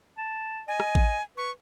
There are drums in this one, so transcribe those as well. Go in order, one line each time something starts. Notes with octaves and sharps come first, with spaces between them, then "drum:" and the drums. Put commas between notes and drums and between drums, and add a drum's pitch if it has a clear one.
A5
D#5 G#5
drum: rim click
drum: kick A1
B4 C#6